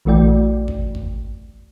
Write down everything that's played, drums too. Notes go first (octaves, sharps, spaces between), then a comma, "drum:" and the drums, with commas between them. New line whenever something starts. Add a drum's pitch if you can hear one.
A#1 E3 A3 F#4 D5 G5
drum: kick G#1
drum: kick G#1